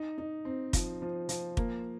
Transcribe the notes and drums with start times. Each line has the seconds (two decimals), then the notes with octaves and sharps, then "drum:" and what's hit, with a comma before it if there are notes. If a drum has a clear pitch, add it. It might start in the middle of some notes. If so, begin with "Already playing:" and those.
Already playing: D#4
0.18 D#4
0.45 C4
0.73 F3, drum: kick, hi-hat
1.02 F3
1.29 F3, drum: hi-hat
1.57 A#3, drum: kick